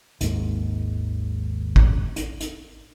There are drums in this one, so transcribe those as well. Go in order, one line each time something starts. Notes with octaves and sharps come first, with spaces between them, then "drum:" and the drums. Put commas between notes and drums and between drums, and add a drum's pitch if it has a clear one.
G#1 D#2 G#2, drum: hi-hat
drum: kick
drum: hi-hat
drum: hi-hat